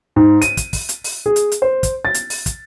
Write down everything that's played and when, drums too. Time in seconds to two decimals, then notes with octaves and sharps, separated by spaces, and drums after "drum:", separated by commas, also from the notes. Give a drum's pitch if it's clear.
0.16 G#2
0.42 D#7, drum: hi-hat
0.57 drum: kick, hi-hat
0.73 drum: kick, open hi-hat
0.89 drum: hi-hat
1.04 drum: open hi-hat
1.26 G#4
1.36 drum: hi-hat
1.52 drum: hi-hat
1.62 C5
1.83 drum: kick, hi-hat
2.05 A6
2.14 drum: hi-hat
2.30 drum: open hi-hat
2.46 drum: kick, hi-hat